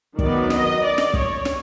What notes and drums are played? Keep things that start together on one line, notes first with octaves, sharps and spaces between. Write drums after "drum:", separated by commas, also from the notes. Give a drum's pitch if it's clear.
D#3 F#3 B3 D5, drum: kick
D#5, drum: snare
D5
drum: snare
C#5, drum: kick
drum: snare